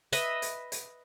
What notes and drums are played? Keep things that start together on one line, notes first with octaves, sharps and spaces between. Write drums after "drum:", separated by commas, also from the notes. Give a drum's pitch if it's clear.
B4 D#5 E5, drum: hi-hat
drum: hi-hat
drum: hi-hat